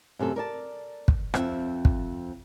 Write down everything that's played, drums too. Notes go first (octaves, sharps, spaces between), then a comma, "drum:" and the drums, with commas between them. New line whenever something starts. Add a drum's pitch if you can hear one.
F#2 C3 A3 A4
A#4 D5 A5
drum: kick
F2 C4 E5, drum: rim click
drum: kick